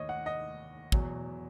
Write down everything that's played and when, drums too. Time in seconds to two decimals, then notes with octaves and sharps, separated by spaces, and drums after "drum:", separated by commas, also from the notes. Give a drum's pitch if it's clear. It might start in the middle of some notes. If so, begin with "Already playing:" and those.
Already playing: D#2 C#5 D#5
0.09 F#5
0.26 D#5
0.92 E2 B2 F#3, drum: kick